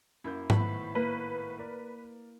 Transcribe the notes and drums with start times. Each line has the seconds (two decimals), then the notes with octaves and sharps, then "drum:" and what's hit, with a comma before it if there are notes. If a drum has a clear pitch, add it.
0.24 F#2 A#3 E4 G6
0.50 G#1 A2 B3 B4, drum: tom G#2
0.95 A#3 B4
1.59 A#4 D5